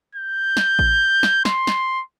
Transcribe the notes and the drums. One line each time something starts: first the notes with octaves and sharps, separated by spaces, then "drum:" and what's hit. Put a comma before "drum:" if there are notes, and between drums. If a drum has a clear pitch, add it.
G6
drum: snare
drum: kick A1
drum: snare
C6, drum: snare
drum: snare